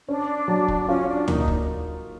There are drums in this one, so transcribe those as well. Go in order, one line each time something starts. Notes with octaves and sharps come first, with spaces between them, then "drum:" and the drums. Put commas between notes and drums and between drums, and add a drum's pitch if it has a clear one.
C#4 D4
F#3
drum: kick
C#4 F4
D4
A#3 D#4, drum: tom
drum: kick